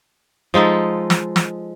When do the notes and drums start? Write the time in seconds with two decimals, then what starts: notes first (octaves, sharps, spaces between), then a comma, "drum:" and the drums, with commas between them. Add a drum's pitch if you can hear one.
0.54 F3 G#3 D#4 A4
1.10 drum: snare
1.36 drum: snare